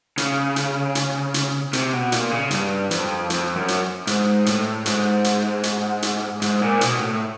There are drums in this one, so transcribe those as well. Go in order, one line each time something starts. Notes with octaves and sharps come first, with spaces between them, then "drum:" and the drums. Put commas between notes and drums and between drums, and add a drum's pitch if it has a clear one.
C#3, drum: hi-hat
drum: hi-hat
drum: hi-hat
drum: hi-hat
C3, drum: hi-hat
B2
A#2, drum: hi-hat
C#3
G2, drum: hi-hat
F2, drum: hi-hat
F2, drum: hi-hat
F#2
drum: hi-hat
G#2, drum: hi-hat
A2, drum: hi-hat
G#2, drum: hi-hat
drum: hi-hat
drum: hi-hat
drum: hi-hat
G#2, drum: hi-hat
A#2
B2, drum: hi-hat
A2